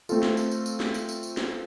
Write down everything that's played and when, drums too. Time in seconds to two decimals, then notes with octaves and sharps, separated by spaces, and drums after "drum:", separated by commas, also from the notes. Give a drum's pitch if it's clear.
0.09 A3 C4 F4 A4, drum: tambourine
0.23 drum: snare
0.37 drum: tambourine
0.51 drum: tambourine
0.66 drum: tambourine
0.80 drum: snare
0.94 drum: tambourine
1.09 drum: tambourine
1.23 drum: tambourine
1.37 drum: snare